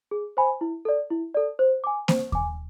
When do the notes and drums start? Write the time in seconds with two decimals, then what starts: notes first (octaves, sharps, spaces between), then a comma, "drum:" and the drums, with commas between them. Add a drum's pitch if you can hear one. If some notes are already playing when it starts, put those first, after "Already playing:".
0.11 G#4
0.37 C5 G#5 B5
0.61 E4
0.85 A4 D5
1.10 E4
1.35 A4 D5
1.59 C5
1.84 G#5 D6
2.08 C5, drum: snare A#3
2.32 G#5 D6, drum: kick D#2